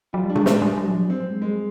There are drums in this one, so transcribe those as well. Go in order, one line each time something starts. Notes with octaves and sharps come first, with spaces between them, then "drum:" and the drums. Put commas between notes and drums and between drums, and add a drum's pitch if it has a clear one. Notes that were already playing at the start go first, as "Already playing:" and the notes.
F#3 F4
G3
D4
G#3, drum: tom A#2
G#3, drum: snare
G3
G3
F#3
F3
F#3
C4
G#3
G3 G#3